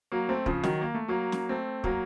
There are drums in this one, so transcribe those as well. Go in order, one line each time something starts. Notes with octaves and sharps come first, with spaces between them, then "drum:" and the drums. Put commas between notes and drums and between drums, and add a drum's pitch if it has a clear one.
F#3 A#3
A3 C4
C#3 F3, drum: kick
D#3 F#3, drum: snare
A#3
A3
F#3 A#3
drum: snare
A3 C4
F#3 A#3, drum: kick